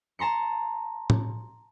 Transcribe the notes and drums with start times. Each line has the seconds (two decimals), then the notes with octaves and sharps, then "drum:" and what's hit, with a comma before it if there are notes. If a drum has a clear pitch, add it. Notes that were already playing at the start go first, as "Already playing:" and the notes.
0.19 A5 A#5 C6 C#7
1.10 drum: tom A2